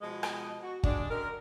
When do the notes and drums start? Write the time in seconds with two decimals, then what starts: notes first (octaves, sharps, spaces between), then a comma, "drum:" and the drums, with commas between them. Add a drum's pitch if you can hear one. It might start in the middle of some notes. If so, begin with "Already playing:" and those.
0.02 B2 F3 G#3 D#5
0.23 drum: rim click
0.63 F#4
0.83 G3 G#3 D4, drum: kick G1
1.11 F#2 D3 A#4